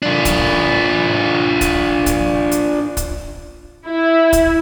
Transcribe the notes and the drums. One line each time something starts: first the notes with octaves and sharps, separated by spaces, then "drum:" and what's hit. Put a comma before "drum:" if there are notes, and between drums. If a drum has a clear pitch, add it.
D4 F4
drum: kick, hi-hat
drum: kick, hi-hat
drum: kick, hi-hat
drum: hi-hat
drum: kick, hi-hat
E4
drum: kick, hi-hat